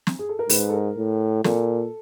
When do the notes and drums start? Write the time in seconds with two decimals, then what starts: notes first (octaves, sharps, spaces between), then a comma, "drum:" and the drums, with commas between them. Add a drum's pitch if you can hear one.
0.07 drum: snare
0.19 G#4
0.29 A4
0.39 A#4
0.49 G#2 B4, drum: open hi-hat
0.69 A4
0.74 A#4
0.97 A2
1.44 A#2 A4, drum: snare